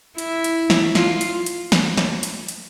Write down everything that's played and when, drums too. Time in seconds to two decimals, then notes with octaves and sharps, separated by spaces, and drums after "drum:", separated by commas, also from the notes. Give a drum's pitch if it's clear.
0.18 E4, drum: hi-hat
0.44 drum: hi-hat
0.70 drum: snare
0.95 F4, drum: snare
1.21 drum: hi-hat
1.46 drum: hi-hat
1.72 drum: snare
1.97 drum: snare
2.23 drum: hi-hat
2.48 drum: hi-hat